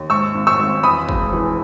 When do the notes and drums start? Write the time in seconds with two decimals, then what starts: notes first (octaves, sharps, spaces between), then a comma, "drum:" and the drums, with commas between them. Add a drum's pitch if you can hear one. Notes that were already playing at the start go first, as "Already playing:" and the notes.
Already playing: D#2
0.10 G#2 C#6 E6
0.35 G#1
0.47 C#6 E6
0.59 G#1
0.83 E2 B5 D#6
1.09 E1, drum: kick
1.33 E3